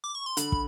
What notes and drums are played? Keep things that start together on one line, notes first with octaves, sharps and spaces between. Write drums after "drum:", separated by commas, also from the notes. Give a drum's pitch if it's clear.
D6
C#6
C6
D3 B5, drum: hi-hat
drum: kick